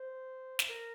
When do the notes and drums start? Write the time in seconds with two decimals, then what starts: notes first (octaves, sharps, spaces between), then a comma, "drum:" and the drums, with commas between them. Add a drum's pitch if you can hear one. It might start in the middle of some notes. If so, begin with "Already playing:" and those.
Already playing: C5
0.59 drum: snare
0.69 A#4